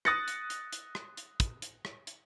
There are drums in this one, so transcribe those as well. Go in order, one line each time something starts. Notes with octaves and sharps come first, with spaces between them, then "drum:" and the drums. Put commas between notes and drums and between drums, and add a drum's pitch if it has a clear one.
D#6 F#6 A6 A#6 C#7, drum: rim click
drum: hi-hat
drum: hi-hat
drum: hi-hat
drum: rim click
drum: hi-hat
drum: kick, hi-hat
drum: hi-hat
drum: rim click
drum: hi-hat